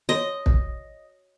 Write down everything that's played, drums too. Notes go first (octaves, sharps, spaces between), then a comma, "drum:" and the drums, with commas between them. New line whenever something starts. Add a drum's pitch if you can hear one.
F#4 C#5 D#5
drum: kick